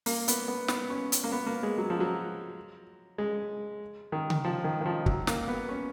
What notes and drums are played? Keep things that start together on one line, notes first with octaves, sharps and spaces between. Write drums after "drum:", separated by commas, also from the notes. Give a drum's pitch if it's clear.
A#3, drum: open hi-hat
B3, drum: hi-hat
B3
B3, drum: snare
C#4
drum: hi-hat
A#3
B3
A#3
G#3
F#3
F3
F#3
G#3
D#3
drum: tom C#3
F3
D#3
D#3
F3
F#3, drum: kick
A#3, drum: snare
B3
C#4